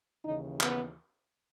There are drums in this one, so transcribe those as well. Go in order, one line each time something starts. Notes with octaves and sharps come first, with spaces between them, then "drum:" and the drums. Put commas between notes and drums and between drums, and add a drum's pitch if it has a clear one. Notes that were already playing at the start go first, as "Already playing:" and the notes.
D#2 C#3 E3 D#4
B3, drum: clap